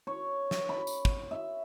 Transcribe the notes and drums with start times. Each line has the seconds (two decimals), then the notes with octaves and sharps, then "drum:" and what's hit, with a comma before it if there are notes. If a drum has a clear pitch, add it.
0.07 C#5
0.51 drum: snare
0.69 B5
0.87 drum: tambourine
1.05 drum: kick
1.31 E5